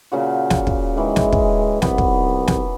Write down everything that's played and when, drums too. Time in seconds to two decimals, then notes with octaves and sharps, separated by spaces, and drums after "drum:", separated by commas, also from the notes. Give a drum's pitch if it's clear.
0.12 A#2 C#3 F#4
0.50 drum: snare
0.67 drum: kick
0.97 D#3 E3 G#3
1.16 drum: snare
1.33 drum: kick
1.82 C2 B3, drum: snare
1.98 drum: kick
2.48 drum: snare